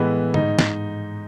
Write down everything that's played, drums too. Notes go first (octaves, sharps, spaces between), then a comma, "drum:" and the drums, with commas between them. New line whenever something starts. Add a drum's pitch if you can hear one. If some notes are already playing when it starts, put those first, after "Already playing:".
Already playing: A2 E3 G#3 B3
G#2 D#4, drum: tom D3
drum: snare